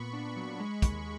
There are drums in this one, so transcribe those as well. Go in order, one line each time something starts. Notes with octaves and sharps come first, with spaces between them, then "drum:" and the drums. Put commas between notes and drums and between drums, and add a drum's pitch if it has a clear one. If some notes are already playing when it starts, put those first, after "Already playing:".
Already playing: A#2 B3 B5 C#6
D4
F#3
G#3
D#2, drum: kick, hi-hat